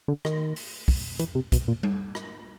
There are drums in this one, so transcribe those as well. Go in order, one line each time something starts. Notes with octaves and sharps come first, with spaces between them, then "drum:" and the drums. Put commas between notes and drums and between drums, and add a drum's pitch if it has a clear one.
D3
D#3, drum: rim click
drum: open hi-hat
drum: kick, open hi-hat
E3, drum: hi-hat
C3
B2, drum: kick, hi-hat
A#2
drum: tom G3
drum: rim click